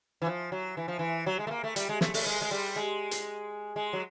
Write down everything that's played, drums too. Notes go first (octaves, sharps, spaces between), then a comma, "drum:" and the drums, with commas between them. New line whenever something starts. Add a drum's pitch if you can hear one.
E3
F3
F#3
E3
F3
E3
F#3
G#3
A3
A#3
A3
G3, drum: hi-hat
G#3
A3, drum: snare
A3, drum: open hi-hat
G#3
G#3
G3
G#3
drum: hi-hat
G#3
F#3